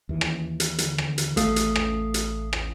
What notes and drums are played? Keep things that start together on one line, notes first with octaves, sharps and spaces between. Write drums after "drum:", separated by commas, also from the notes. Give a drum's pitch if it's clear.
D#2 E3
drum: rim click
drum: hi-hat
D3, drum: hi-hat
drum: rim click
drum: hi-hat
A1 A3 F5 D#6 C7, drum: hi-hat
drum: hi-hat
drum: rim click
drum: hi-hat
drum: rim click